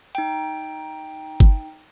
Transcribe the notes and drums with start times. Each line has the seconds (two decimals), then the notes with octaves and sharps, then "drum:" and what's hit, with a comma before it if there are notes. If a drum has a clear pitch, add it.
0.15 D#4 G5, drum: hi-hat
1.40 drum: kick G1